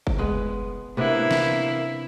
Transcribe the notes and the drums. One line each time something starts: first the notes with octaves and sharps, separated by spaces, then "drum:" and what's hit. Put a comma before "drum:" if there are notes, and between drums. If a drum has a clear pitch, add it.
drum: kick F#1
G#3 B3
C3 A#3 B3 D4 E4
drum: snare